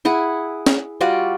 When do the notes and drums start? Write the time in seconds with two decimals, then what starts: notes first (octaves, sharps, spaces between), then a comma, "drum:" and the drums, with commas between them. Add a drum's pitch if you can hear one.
0.05 E4 G#4 F#5
0.66 drum: snare
1.01 G3 F4 F#4 D5